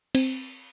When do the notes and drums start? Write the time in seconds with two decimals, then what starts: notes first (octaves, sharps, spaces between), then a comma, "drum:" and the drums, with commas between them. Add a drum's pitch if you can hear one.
0.15 C4, drum: cymbal